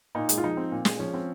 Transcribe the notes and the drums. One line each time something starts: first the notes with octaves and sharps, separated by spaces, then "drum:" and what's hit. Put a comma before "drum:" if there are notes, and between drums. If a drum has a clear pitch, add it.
A#2 D#4
G#3, drum: hi-hat
F4
F3 D#4
C4
A#2
G#3, drum: snare
F3 C#4
C4